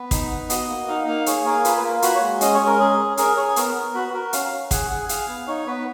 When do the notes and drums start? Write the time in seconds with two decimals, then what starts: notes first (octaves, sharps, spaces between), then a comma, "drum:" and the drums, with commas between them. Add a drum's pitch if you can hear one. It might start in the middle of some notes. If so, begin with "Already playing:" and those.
Already playing: B3 B4
0.11 D#4, drum: kick, hi-hat
0.31 B3
0.50 F#4 D#5, drum: hi-hat
0.69 A#3
0.88 D#4 F5
1.07 A#3 F5
1.26 G#4 C#5, drum: hi-hat
1.45 A#3 A#4
1.65 F4 B4, drum: hi-hat
1.77 B4
1.83 A#3 A#4
2.02 F#4 B4, drum: hi-hat
2.15 C#5
2.22 G#3
2.41 C#4 D#5, drum: hi-hat
2.54 C#5
2.61 G#3
2.66 A#4
2.79 C#4 G#4
2.99 C#4
3.17 G#4 A#4, drum: hi-hat
3.37 G#4 C#5
3.56 B3 A#4, drum: hi-hat
3.75 B3
3.94 F#4 B4
4.08 B4
4.13 F#4 A#4
4.33 C#4 F5, drum: hi-hat
4.52 C#4
4.71 G#4 F#5, drum: kick, hi-hat
4.90 G#4 F#5
5.09 G#4 F5, drum: hi-hat
5.28 B3
5.47 D#4 C#5
5.67 B3 B4